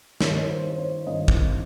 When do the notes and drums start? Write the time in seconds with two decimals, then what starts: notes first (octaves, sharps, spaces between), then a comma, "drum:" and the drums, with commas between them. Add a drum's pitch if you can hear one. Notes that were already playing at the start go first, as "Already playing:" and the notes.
0.21 G2 D#3 C#5, drum: snare
0.29 D#5
0.37 C#5
0.49 C5
0.70 C5
0.78 C#5
1.07 G2 D#3 D#5
1.28 drum: kick